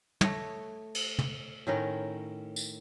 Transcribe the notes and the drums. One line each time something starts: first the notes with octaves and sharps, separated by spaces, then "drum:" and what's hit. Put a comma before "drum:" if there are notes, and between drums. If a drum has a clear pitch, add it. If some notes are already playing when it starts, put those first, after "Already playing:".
A3 C#5 D#5, drum: tom
drum: cymbal
drum: tom
A2 D#3 C#4 A#4
drum: tambourine